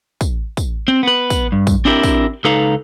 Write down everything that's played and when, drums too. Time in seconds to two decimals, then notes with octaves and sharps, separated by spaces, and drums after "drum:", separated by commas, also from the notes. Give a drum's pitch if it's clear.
0.21 drum: kick, tambourine
0.57 drum: kick, tambourine
0.88 C4
1.03 B3 B4
1.30 drum: kick, tambourine
1.52 G2
1.67 drum: kick, tambourine
1.85 C4 D4 E4 G4 A#4
2.03 drum: kick, tambourine
2.44 C#2 D#4 A4 B4 F5 A#5